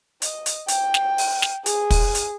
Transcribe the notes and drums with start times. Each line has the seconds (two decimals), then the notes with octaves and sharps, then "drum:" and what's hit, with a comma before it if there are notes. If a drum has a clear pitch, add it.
0.22 D#5, drum: hi-hat
0.46 drum: hi-hat
0.68 G5, drum: hi-hat
0.94 drum: snare
1.18 drum: open hi-hat
1.42 drum: snare
1.66 G#4, drum: hi-hat
1.90 drum: kick, open hi-hat
2.15 drum: hi-hat